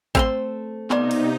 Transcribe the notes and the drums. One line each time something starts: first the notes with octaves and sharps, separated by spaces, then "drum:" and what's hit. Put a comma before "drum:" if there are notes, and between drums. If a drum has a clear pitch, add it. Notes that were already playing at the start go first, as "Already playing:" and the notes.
A3 C4 A4 C5 F5 C6, drum: kick A1
C3 B3 D#4 D5, drum: clap
drum: cymbal